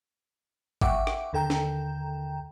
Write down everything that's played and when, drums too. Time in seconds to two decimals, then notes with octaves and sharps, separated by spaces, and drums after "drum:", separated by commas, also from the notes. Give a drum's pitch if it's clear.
0.81 E5 F#5 G5 C#6 D6, drum: kick G#1
1.07 drum: rim click
1.33 D#2 D3 A4 G5 A#5 G6
1.50 drum: snare